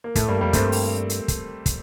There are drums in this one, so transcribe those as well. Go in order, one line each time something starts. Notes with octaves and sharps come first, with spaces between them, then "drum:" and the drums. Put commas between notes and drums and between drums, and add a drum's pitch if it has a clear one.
A#3
A2 A3, drum: kick, hi-hat
G2 G3 A#3
F2 G3 A#3
G2 A3 C4, drum: kick, hi-hat
drum: open hi-hat
drum: hi-hat
drum: kick, hi-hat
drum: kick, hi-hat